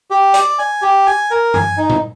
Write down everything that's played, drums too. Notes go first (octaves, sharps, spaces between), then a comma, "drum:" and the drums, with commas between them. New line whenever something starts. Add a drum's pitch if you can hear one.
G4
D5, drum: hi-hat
G#5
G4
G#5
A#4
G#5, drum: tom
D#4
drum: tom A#2